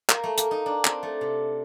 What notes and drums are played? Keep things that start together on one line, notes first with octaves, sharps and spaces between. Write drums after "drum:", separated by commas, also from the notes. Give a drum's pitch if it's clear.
A#3, drum: clap
A3
A#3, drum: hi-hat
D#4
D4
C4, drum: clap
A3
C3